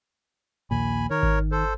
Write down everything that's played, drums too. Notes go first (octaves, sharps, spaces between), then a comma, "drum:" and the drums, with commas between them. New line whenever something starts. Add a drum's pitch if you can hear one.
A#1 D#2 A#2 G#5 B5
D#3 A#4 C#5
drum: kick G#1
A4 C5